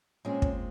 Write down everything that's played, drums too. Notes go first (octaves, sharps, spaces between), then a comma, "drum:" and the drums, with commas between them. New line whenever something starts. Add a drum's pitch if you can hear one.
A#2 G#3 C4 C#4
drum: kick